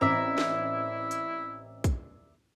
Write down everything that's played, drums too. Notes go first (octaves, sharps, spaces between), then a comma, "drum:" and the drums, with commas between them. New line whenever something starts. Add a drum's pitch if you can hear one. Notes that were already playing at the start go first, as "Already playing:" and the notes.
A1 C4 E4 A#4 D5 E5
drum: snare
drum: hi-hat
drum: kick, hi-hat